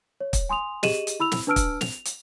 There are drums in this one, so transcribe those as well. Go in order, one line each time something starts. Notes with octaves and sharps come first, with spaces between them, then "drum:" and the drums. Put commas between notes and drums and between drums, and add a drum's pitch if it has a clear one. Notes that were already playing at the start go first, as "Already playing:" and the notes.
C#5
drum: kick, hi-hat
G#5 C6 D#6 F7
G4 G#4 D#5 D#7 E7 F#7, drum: snare
drum: hi-hat
E4 B5 E6 F7
drum: snare
D4 B4 A5 E6 F6 D7
drum: kick, hi-hat
F7, drum: snare
drum: hi-hat